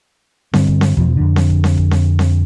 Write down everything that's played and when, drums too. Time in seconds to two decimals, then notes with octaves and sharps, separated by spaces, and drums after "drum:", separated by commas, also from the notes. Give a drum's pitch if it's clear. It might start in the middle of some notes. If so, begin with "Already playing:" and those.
0.53 G2 D3 G3 C4, drum: snare C4
0.67 drum: kick
0.81 drum: snare C4
0.97 E2 B2 F3, drum: kick
1.16 F2 D3
1.36 drum: snare C4
1.50 drum: kick
1.64 drum: snare C4
1.78 drum: kick
1.91 drum: snare C4
2.19 drum: snare C4